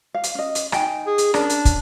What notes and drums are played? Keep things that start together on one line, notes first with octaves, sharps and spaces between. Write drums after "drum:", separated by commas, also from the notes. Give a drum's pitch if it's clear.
F5
drum: hi-hat
C#4 D#5
drum: hi-hat
D#4 G5 G#5, drum: rim click
G#4
drum: hi-hat
C#4 D4 A#4 D5, drum: rim click
drum: hi-hat
drum: kick, hi-hat